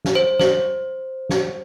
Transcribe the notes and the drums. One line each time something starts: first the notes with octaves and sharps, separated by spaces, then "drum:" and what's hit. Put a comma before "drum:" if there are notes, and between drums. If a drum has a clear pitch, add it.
drum: snare
C5
C5, drum: snare
drum: snare